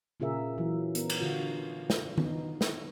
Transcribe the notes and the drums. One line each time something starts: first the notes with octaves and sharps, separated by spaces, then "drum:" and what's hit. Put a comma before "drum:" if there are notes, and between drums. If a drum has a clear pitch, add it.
A#2 C#3 F4 G#4 A#4 E5
E3 F#3
B3 A#4, drum: hi-hat
drum: cymbal
D3 F4 F#4
drum: snare
B3 D#4, drum: tom D#3
drum: snare